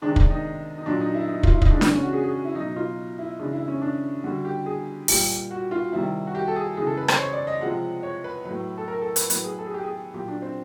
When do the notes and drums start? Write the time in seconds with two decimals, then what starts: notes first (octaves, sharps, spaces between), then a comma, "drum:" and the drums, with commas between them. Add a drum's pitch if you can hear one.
0.02 C3 D#3 G#3 D4
0.16 D4, drum: kick
0.30 D#4
0.78 D#4
0.86 A#2 F#3 D4
1.00 D#4
1.14 E4
1.28 D#4
1.43 F4, drum: kick
1.53 E4
1.62 D#4, drum: kick
1.71 C#3 E3 G#3 D4
1.81 D4, drum: snare D4
1.92 C#4
2.02 F#4
2.13 G#4
2.24 G#4
2.45 E4
2.55 B2 F#3 D#4
2.76 F4
3.18 E4
3.39 C#3 E3 G#3 D4
3.53 E4
3.68 C#4
3.81 D4
4.24 D3 G3 F#4
4.45 G4
4.66 G#4
5.08 A#2 G3 G4, drum: open hi-hat
5.51 F#4
5.71 F4
5.92 C3 D#3 G3 E4
6.27 F#4
6.35 G4
6.48 A4
6.56 G#4
6.77 C#3 E3 G#3 G#4
6.87 A4
6.97 B4
7.08 C5, drum: rim click
7.18 C#5
7.33 D5
7.47 D#5
7.61 C3 F3 G#3 F#5
8.03 C#5
8.24 B4
8.45 A2 F#3 B4
8.77 A4
8.88 A#4
9.01 A4
9.16 B4, drum: hi-hat
9.30 A2 F#3 B4, drum: hi-hat
9.44 G#4
9.58 A4
9.66 G#4
9.74 G4
9.83 G#4
10.14 A#2 F#3 G4
10.28 D4
10.42 C4